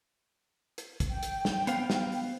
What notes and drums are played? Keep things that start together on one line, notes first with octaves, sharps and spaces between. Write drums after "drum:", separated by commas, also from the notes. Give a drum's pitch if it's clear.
drum: hi-hat
drum: kick, hi-hat
G5
drum: hi-hat
drum: snare
B3 C5 F5, drum: hi-hat
drum: snare
drum: open hi-hat